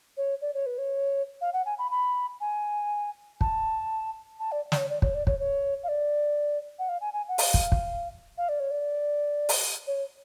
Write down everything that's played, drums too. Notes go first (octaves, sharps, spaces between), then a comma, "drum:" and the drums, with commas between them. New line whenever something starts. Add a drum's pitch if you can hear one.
C#5
D5
C#5
B4
C#5
F5
F#5
G#5
B5
B5
G#5
A5, drum: kick
A5
D5
D5, drum: snare
C#5
D5
C#5, drum: kick
D5
C#5, drum: kick
C#5
F5
D5
F#5
F5
G#5
G#5
F#5
F5, drum: open hi-hat
drum: kick
drum: kick
F5
D5
C#5
D5
drum: open hi-hat
C#5